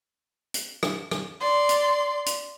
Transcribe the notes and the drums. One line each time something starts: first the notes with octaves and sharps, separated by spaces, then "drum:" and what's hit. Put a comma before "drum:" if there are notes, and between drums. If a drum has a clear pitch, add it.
drum: hi-hat
drum: rim click
drum: rim click
D5 C6
drum: hi-hat
drum: hi-hat